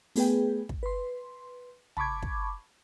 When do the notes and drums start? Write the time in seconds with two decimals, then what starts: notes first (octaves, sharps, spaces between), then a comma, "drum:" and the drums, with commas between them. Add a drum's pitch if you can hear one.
0.16 A3 B3 G#4 B4 G5, drum: open hi-hat
0.69 drum: kick
0.83 B4 C6
1.97 A5 B5 C#6 D6 G#6, drum: tom
2.22 drum: kick